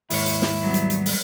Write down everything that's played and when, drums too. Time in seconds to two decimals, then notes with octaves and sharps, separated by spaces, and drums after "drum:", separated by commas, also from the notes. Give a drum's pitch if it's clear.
0.10 D#2 G#2 E4 C#5, drum: open hi-hat
0.26 drum: hi-hat
0.42 drum: snare
0.61 F#3 G3 B3
0.74 drum: hi-hat
0.90 drum: hi-hat
1.06 drum: open hi-hat